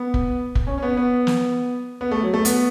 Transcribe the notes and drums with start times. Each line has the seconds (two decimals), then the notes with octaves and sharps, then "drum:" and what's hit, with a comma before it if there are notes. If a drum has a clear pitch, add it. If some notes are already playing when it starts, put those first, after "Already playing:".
Already playing: B3
0.14 drum: kick
0.55 drum: kick
0.67 C#4
0.78 C#4
0.83 B3
0.97 B3
1.27 drum: snare
2.01 B3
2.11 A3
2.23 F#3
2.34 A3
2.45 B3, drum: hi-hat